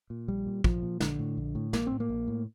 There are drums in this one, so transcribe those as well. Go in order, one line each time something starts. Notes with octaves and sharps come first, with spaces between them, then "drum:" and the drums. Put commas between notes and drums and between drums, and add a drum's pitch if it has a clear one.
A#2
A#1 G3
A#2
A#1 F3, drum: kick
A#2
A#1 D3, drum: snare
A2
A#1
A2
A#1 A#3, drum: snare
A2 C4
A#3
A#1
A2